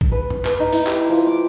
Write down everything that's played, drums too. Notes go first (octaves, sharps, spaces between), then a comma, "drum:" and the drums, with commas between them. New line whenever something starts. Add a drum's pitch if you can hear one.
drum: kick
B4
drum: tom G2
B4, drum: clap
D#4
E4, drum: open hi-hat
G4, drum: clap
F3
D6